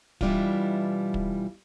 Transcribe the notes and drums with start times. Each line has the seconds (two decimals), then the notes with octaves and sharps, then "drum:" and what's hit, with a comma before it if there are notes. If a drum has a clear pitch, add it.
0.21 B2 E3 G3 D4 E4 F4, drum: kick
1.14 drum: kick